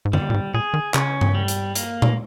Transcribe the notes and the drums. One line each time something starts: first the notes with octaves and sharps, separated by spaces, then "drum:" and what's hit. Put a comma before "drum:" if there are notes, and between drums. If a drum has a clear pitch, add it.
G#2
G2 G3, drum: tom D3
A#2
G#2
A#2 G#4
D#3
C#3 C#4, drum: clap
drum: tom G2
G3
drum: hi-hat
A#3, drum: hi-hat
drum: tom A#2